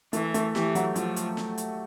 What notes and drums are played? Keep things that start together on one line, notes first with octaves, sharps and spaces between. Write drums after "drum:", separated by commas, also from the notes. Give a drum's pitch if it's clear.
E3 A3, drum: hi-hat
A3, drum: hi-hat
E3 G4, drum: snare
F#3, drum: hi-hat
F3 F#3, drum: hi-hat
drum: hi-hat
drum: snare
drum: hi-hat